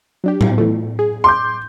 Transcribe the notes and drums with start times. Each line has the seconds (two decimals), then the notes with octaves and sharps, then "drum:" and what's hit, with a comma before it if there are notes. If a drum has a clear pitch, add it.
0.24 F#3 D4 G4
0.41 drum: tom A2
0.58 E3 F3 A3
0.99 G#4
1.24 C6 D6 G6